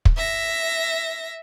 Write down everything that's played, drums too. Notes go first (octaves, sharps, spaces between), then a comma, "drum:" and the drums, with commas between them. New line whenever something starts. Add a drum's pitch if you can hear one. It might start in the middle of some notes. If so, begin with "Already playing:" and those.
drum: kick
E5 A#6